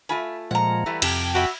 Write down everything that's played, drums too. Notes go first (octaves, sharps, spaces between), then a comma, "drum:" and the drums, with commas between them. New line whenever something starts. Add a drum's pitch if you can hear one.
A3 F4 G#5 B5
A#2 F3 G#3 F#5 A#5
E3 G3 A3
F2 C3 G4 G5 A5, drum: cymbal
F#4 E5 B5